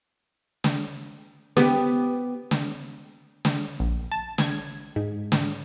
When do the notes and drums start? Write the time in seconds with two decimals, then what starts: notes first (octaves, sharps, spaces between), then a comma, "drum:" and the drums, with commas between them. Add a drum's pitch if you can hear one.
0.64 drum: snare
1.57 B3 G4, drum: snare
2.51 drum: snare
3.45 drum: snare
3.80 A#1
4.12 A5
4.38 G#6, drum: snare
4.96 G#2
5.32 drum: snare